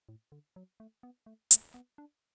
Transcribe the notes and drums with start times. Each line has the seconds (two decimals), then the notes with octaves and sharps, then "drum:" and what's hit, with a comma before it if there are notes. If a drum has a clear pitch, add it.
0.09 A2
0.32 D3
0.56 F#3
0.80 A3
1.03 B3
1.26 A3
1.51 A3, drum: hi-hat
1.74 B3
1.98 D4